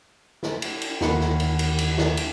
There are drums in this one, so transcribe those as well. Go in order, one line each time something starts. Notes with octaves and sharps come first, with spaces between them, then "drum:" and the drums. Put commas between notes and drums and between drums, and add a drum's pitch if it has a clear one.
drum: snare
drum: cymbal
drum: cymbal
D#2 D#3 F#4 F#5 B5 C#7, drum: snare
drum: snare
drum: cymbal
drum: cymbal
drum: cymbal
drum: snare
drum: cymbal